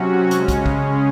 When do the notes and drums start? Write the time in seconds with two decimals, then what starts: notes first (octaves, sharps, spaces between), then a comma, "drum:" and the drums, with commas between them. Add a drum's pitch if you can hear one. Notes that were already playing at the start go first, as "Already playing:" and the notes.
Already playing: C3 F#3 C#4 F#4
0.31 C#3 G#3 C#4, drum: hi-hat
0.48 drum: kick, hi-hat
0.66 drum: kick